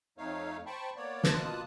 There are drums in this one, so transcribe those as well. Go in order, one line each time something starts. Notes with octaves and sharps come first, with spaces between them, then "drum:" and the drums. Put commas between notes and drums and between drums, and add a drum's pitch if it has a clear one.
F2 A3 D#4 C#5 F5
C5 G5 A5 B5 C#6
A#3 B3 C#5 D5
B2 A#3 F4 A5 D#6 F#6, drum: snare